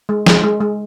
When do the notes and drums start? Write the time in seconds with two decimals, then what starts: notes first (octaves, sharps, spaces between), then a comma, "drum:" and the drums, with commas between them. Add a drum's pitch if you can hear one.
0.09 G#3
0.26 G#3, drum: snare
0.44 G#3
0.61 G#3